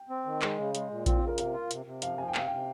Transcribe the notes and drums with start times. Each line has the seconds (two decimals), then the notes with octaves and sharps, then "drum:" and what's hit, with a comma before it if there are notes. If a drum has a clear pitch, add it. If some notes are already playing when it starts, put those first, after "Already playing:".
Already playing: G5
0.09 C4
0.26 D#3
0.42 G#3 C5, drum: clap
0.58 C#3
0.75 G#3, drum: hi-hat
0.91 A#2
1.06 C4 F4, drum: kick A#1, hi-hat
1.17 F4
1.22 C#3
1.28 A#4
1.38 C3 F5, drum: hi-hat
1.54 F4
1.71 C3, drum: hi-hat
1.86 C3
2.02 F3 F5, drum: hi-hat
2.18 F3 G#5
2.28 G5
2.35 C3 F5, drum: clap
2.47 C3 G5